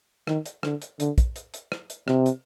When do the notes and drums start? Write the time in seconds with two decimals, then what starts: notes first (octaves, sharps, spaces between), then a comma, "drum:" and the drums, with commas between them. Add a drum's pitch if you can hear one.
0.27 D#3, drum: rim click
0.46 drum: hi-hat
0.63 D3, drum: rim click
0.82 drum: hi-hat
1.00 D3, drum: hi-hat
1.18 drum: kick, hi-hat
1.36 drum: hi-hat
1.54 drum: hi-hat
1.72 drum: rim click
1.90 drum: hi-hat
2.08 C3, drum: rim click
2.26 drum: hi-hat